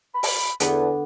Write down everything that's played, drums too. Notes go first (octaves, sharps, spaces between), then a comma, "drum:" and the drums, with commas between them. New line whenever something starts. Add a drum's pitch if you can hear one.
B5
drum: open hi-hat
E2 D3 B3 B4, drum: hi-hat